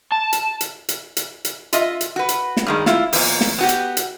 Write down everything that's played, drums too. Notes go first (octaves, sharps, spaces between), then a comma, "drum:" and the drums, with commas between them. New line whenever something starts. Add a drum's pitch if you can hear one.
A5
drum: hi-hat
drum: hi-hat
drum: hi-hat
drum: hi-hat
drum: hi-hat
F4 D#5 E5, drum: hi-hat
drum: hi-hat
F#4 B4
drum: hi-hat
drum: snare
G2 D#3 G#3
E4 F4, drum: snare
E2 A#2, drum: open hi-hat
drum: snare
B3 F#4 G4
drum: hi-hat
drum: hi-hat